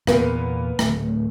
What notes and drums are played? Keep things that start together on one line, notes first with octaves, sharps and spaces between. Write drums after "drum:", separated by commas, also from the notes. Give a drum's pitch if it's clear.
E2 A#2 A#3 B3, drum: rim click
D1 A3, drum: rim click